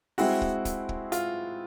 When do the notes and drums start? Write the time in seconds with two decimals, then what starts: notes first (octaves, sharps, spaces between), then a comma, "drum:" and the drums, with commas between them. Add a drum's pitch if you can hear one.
0.18 G#3 C4 E4 F#4 G#4, drum: open hi-hat
0.42 drum: kick
0.65 drum: kick, hi-hat
0.89 drum: kick
1.12 F4, drum: hi-hat